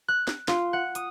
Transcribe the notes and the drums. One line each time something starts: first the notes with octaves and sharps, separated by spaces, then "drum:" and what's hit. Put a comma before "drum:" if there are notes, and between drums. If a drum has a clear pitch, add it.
F#6
drum: snare
F4, drum: snare
F#5
D#6, drum: hi-hat